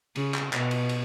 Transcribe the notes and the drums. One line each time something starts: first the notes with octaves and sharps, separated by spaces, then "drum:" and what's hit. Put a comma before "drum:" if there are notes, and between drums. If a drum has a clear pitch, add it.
C#3, drum: cymbal
drum: clap
B2, drum: clap
drum: cymbal
drum: cymbal